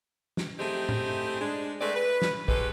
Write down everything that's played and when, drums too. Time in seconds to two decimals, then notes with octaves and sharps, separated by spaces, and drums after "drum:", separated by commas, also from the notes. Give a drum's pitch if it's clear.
0.37 drum: snare
0.59 A3 C4 D#4 E4 G4 G#4
0.89 drum: tom A2
1.41 G#3 D4
1.81 G#3 A3 C4 B4 D5
1.95 B4
2.22 drum: snare
2.48 G#3 C#4 G4 A4 B4, drum: kick